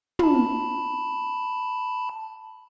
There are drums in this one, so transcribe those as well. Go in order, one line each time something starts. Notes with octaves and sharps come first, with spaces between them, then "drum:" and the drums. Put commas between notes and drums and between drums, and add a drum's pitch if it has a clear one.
A5 B5, drum: tom